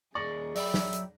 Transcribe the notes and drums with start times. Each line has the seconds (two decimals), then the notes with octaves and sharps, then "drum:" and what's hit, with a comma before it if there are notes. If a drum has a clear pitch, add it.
0.15 D#2 G#4 D5 C#6 A#6
0.55 F#3 D5 E5 G5 B5, drum: open hi-hat
0.74 drum: snare
0.93 drum: hi-hat